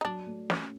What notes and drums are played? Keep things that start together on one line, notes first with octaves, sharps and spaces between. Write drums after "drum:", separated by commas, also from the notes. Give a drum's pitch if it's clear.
D#4
F#3 D4
A3
C#4, drum: snare